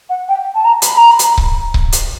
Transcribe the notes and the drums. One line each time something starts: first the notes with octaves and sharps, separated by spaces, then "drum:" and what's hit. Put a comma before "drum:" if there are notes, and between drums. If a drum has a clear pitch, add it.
F#5
G5
A5
A#5
B5, drum: hi-hat
A#5
B5
drum: hi-hat
drum: kick C#1
drum: kick C#1
drum: hi-hat